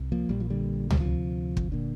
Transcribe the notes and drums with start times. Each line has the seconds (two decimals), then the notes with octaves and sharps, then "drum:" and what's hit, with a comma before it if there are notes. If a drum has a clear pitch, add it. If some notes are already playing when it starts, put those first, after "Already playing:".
Already playing: C2
0.12 F3 A#3
0.29 A#1 A#2 G3
0.40 F3
0.50 D3 G3
0.90 G3, drum: tom C#2
1.00 D2 C3 F3
1.57 drum: kick
1.72 A#2 D3